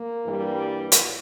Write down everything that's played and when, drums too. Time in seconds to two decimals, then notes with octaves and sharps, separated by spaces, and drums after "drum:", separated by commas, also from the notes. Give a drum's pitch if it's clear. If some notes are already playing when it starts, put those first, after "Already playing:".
Already playing: A#3
0.24 G2 E3 G3
0.92 drum: hi-hat